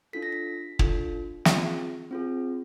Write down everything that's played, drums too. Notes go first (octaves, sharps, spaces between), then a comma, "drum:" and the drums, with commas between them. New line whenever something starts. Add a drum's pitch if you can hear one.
D4 F4 A4 B6
A#6
B6
D4 F4 A4, drum: kick
C4 F4 G#4, drum: snare
C4 F4 G#4